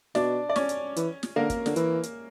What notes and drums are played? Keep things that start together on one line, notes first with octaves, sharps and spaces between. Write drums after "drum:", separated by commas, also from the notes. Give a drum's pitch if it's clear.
B2 D4 D5, drum: snare
D5
C#4 C#5, drum: snare
drum: hi-hat
E3, drum: hi-hat
drum: snare
D3 A#3 A#4
drum: kick, hi-hat
D3, drum: snare
E3, drum: hi-hat
drum: hi-hat